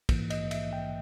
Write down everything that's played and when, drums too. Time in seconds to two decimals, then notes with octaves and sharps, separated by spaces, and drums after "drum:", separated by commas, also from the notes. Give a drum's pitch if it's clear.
0.09 A#1 G#2 E3 A#3, drum: kick, cymbal
0.30 D#5, drum: cymbal
0.51 E5, drum: cymbal
0.73 G5